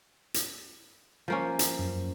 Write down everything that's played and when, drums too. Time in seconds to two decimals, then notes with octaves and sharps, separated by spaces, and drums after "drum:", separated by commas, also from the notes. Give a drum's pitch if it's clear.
0.34 drum: hi-hat
1.28 F3 A#3 C#4
1.59 drum: hi-hat
1.79 F#2